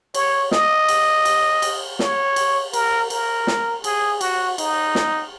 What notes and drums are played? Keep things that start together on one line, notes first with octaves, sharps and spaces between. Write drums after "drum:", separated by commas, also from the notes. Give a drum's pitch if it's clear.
C#5, drum: cymbal
D#5, drum: snare
drum: cymbal
drum: cymbal
drum: cymbal
C#5, drum: snare
drum: cymbal
A#4, drum: cymbal
A#4, drum: cymbal
drum: snare
G#4, drum: cymbal
F#4, drum: cymbal
D#4, drum: cymbal
drum: snare